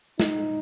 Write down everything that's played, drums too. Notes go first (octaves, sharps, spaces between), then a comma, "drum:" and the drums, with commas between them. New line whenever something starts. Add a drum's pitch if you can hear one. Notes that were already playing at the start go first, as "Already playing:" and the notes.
D#4, drum: snare